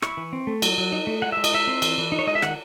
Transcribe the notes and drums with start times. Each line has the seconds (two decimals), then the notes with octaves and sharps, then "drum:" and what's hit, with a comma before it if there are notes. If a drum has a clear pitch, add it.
0.02 E4 C#6, drum: rim click
0.17 E3
0.33 C4
0.47 A3
0.62 F#3, drum: cymbal
0.78 F#3
0.92 D#4
1.07 A3
1.22 G#3 F#5
1.32 G#3 E5
1.44 D#5, drum: cymbal
1.53 D#4 E5
1.67 C4
1.82 E3, drum: cymbal
1.98 E3
2.12 D#4
2.19 C#5
2.27 G#3 D#5
2.35 E5
2.42 D#3 F#5, drum: rim click